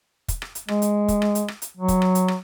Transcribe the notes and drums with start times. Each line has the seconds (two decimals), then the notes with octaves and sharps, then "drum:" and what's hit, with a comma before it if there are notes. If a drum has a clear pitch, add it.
0.28 drum: kick, hi-hat
0.42 drum: rim click
0.55 drum: hi-hat
0.68 G#3, drum: rim click
0.82 drum: hi-hat
1.08 drum: kick, hi-hat
1.22 drum: rim click
1.35 drum: hi-hat
1.48 drum: rim click
1.62 drum: hi-hat
1.77 F#3
1.88 drum: kick, hi-hat
2.02 drum: rim click
2.15 drum: hi-hat
2.28 drum: rim click